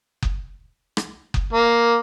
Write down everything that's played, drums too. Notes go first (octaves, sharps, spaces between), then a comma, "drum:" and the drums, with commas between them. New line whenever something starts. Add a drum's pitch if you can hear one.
drum: kick F#1
drum: rim click
drum: kick F#1
A#3